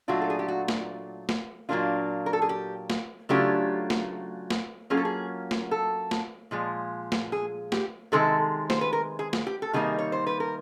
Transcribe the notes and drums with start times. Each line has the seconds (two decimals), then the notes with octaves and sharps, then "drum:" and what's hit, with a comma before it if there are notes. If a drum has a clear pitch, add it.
0.08 A#2 F#3 A3 D4 F4 F#4
0.22 A4
0.30 G#4
0.39 G4
0.48 F#4
0.68 drum: snare
1.29 drum: snare
1.69 A#2 F#3 A#3 D4 F4
2.26 A#4
2.33 A4
2.42 G#4
2.49 G4
2.90 drum: snare
3.29 C#3 F#3 A3 D4 F4 G4
3.90 drum: snare
4.50 drum: snare
4.90 F#3 A#3 C#4 F4 G#4
4.97 A4
5.05 G#4
5.51 drum: snare
5.71 A4
6.11 drum: snare
6.51 A#2 F3 G#3
7.12 drum: snare
7.32 G#4
7.72 G4, drum: snare
8.12 C3 D#3 G#3 C4 A4
8.70 C5, drum: snare
8.81 B4
8.93 A#4
9.19 G#4
9.33 drum: snare
9.47 G4
9.62 A4
9.73 C3 D#3 G3 A#3 D#4 G#4
9.99 C#5
10.12 C5
10.27 B4
10.40 A#4